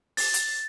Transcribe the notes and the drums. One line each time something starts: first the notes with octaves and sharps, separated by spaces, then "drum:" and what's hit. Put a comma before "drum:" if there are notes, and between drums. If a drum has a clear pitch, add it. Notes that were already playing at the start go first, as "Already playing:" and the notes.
A6, drum: open hi-hat
drum: hi-hat